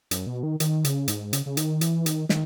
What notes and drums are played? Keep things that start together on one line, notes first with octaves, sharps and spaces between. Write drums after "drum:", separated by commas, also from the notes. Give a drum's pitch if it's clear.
F#2, drum: hi-hat
B2
D#3
D#3, drum: hi-hat
C#3, drum: hi-hat
G#2, drum: hi-hat
C#3, drum: hi-hat
C#3
D#3, drum: hi-hat
E3, drum: hi-hat
D#3, drum: hi-hat
D#3, drum: snare